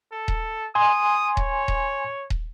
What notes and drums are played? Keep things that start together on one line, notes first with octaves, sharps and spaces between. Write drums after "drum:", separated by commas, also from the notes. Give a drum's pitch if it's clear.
A4
drum: kick D#1
G#5 C6 D#6
C#5, drum: kick D#1
drum: kick D#1
drum: kick D#1